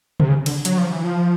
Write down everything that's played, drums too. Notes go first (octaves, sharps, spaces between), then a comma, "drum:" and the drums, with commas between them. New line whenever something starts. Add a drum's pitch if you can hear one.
C3, drum: tom C#3
C#3
D3, drum: cymbal
F#3, drum: hi-hat
F3
E3
F3